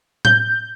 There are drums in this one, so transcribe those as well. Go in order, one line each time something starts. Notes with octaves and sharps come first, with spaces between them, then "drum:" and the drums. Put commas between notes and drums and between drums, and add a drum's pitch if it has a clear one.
G6, drum: tom A2